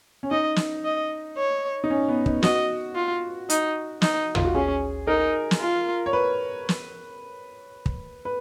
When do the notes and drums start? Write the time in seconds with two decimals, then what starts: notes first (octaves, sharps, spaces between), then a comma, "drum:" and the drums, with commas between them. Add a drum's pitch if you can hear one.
0.23 C#4
0.31 D#4 D#5
0.56 drum: snare
0.85 D#5
1.37 C#5
1.84 D#4
1.90 C#4
2.08 B3
2.26 D#4, drum: kick
2.43 F#4 D#5, drum: snare
2.95 F4
3.50 D#4, drum: hi-hat
4.02 D#4, drum: snare
4.35 F4, drum: tom
4.45 F#4
4.55 C#4 G#4
5.07 D#4 A#4
5.51 drum: snare
5.60 F4
6.06 C#5
6.13 B4
6.69 drum: snare
7.86 drum: kick
8.25 B4